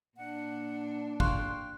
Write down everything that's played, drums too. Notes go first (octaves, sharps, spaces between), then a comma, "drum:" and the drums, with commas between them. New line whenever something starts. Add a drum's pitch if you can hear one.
A#2 D4 F#5
F5 G5 C6 C#6 F#6, drum: kick